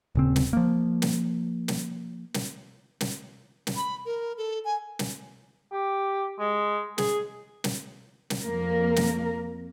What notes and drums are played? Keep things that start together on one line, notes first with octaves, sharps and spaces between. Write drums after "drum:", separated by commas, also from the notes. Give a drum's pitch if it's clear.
D#1 C#3 C4
drum: snare
F3 A#3
drum: snare
drum: snare
drum: snare
drum: snare
drum: snare
B5
A#4
A4
G#5
drum: snare
G4
G#3
G#4, drum: snare
drum: snare
drum: snare
F2 A#3 A#4
drum: snare